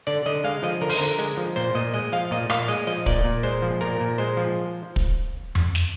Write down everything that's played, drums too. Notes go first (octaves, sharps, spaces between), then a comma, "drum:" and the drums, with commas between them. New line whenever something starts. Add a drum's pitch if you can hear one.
D3 D5
D3 D#5
G#3 F5
F3 D#5
D3 A#4
C5, drum: open hi-hat
D3 A#4
G#3, drum: hi-hat
F3
A#2 C5
A#2 D#5
G#3 D#5
F3 F5
A#2 D#5
A#2 F5, drum: rim click
G#3 D#5
F3 D#5
A#2 D5, drum: kick
A#2
G#3 C5
F3
A#2 A#4
A#2
G#3 C5
F3
drum: kick
drum: tom F2
drum: snare